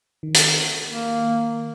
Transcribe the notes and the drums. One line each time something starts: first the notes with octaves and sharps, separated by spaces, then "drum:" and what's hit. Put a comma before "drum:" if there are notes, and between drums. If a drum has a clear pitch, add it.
D#3
drum: hi-hat
A#3